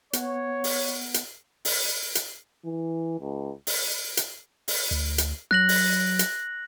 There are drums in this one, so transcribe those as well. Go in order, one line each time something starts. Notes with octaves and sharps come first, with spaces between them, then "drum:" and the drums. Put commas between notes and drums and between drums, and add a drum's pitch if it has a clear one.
B3 C#5 F#5, drum: hi-hat
drum: open hi-hat
drum: hi-hat
drum: open hi-hat
drum: hi-hat
E3
C#2
drum: open hi-hat
drum: hi-hat
drum: open hi-hat
D2
drum: hi-hat
F#3 F#6 A#6 F#7
drum: open hi-hat
drum: hi-hat